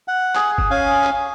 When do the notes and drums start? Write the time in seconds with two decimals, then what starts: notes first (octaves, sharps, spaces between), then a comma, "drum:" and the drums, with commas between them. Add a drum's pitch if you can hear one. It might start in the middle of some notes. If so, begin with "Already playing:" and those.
0.08 F#5
0.36 G#4, drum: clap
0.58 drum: kick
0.71 C#4 F5 G#5
1.04 drum: clap